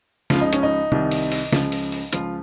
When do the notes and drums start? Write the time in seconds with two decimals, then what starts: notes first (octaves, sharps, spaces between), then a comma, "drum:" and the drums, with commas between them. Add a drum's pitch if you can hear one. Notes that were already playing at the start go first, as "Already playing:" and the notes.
0.30 C#2 C#3 F3 F4, drum: snare
0.41 D#4
0.53 C#4, drum: hi-hat
0.63 D#4
0.92 C2 C3 D#3, drum: tom
1.11 drum: open hi-hat
1.32 drum: open hi-hat
1.52 C#2 C#3 F3, drum: snare
1.72 drum: open hi-hat
1.92 drum: open hi-hat
2.13 C#2 C#3 F3 F4, drum: hi-hat